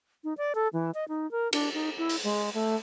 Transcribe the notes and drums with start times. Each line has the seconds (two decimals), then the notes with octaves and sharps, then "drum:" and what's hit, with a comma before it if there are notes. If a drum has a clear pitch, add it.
0.24 D#4
0.38 D5
0.55 A4
0.73 E3
0.94 D#5
1.09 D#4
1.31 A#4
1.53 D4, drum: cymbal
1.74 D#4
1.98 E4
2.09 drum: open hi-hat
2.24 G#3
2.54 A3